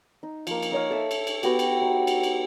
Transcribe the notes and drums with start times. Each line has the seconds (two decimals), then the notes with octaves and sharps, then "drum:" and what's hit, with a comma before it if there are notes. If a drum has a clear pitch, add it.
0.23 D#4
0.47 F3 A#3, drum: cymbal
0.63 drum: cymbal
0.72 D#4 C#5 D#5 F5
0.90 A4 E5 A5
1.11 drum: cymbal
1.27 drum: cymbal
1.43 B3 F#4 G4, drum: cymbal
1.59 drum: cymbal
1.82 D#4
2.07 drum: cymbal
2.23 drum: cymbal